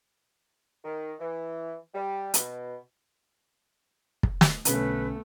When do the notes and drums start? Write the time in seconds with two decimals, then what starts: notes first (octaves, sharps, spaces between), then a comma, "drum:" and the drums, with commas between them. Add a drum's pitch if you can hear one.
0.84 D#3
1.20 E3
1.94 G3
2.34 B2, drum: hi-hat
4.23 drum: kick
4.41 drum: snare
4.65 B1 D3 A3 B3 C#4 B4, drum: hi-hat